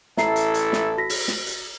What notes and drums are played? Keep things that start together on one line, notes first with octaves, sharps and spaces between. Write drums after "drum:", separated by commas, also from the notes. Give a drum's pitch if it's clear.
A1 E4 A4 E5 A#5 C7, drum: snare
drum: hi-hat
drum: hi-hat
drum: snare
F#4 A#6 B6
drum: open hi-hat
drum: snare
drum: hi-hat